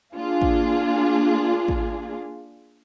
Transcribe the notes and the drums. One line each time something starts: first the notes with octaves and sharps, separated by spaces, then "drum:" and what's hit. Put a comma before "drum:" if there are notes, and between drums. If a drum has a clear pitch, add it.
A#3 D4 F4 G#4
drum: kick
drum: kick